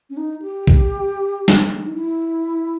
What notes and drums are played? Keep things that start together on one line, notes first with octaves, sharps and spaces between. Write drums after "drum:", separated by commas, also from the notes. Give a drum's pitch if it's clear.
C#4
D#4
G4
drum: kick A#1
drum: snare
D#4
E4